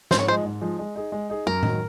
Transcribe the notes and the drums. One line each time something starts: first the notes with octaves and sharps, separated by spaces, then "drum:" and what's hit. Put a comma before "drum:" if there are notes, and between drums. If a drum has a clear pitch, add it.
G#2 C5, drum: snare
C#5
F3 G#3 D#4 C5
G#2
F3 G#3 D#4
G#3
D#4 G#4
G#3
D#4 G#4
F#2 A#4
D#3 F#3, drum: tom A2